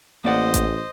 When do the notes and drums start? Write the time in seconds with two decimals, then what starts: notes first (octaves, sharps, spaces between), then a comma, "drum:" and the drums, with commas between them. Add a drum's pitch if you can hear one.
0.25 A1 A#3 C5 D5 D#5 F#5
0.54 drum: kick A1, hi-hat